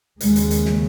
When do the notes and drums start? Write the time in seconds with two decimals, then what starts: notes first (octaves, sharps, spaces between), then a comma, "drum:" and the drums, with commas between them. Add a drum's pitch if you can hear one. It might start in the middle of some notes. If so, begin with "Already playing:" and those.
0.21 D#2 C#3 G#3, drum: hi-hat
0.36 drum: hi-hat
0.51 drum: hi-hat
0.66 drum: snare